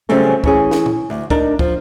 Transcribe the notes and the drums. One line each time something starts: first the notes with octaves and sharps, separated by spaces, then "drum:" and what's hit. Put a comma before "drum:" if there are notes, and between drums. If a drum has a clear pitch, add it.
C#3 F#3 G3 A3 C4 C#4
E3 C#4 G#4, drum: kick
drum: snare
drum: tom A#2
D2
D4 D#4 A#4, drum: kick
F3, drum: kick